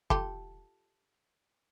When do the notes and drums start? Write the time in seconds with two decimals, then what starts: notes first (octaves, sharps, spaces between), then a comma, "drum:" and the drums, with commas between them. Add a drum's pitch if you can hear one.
0.10 F4 G4 A4, drum: kick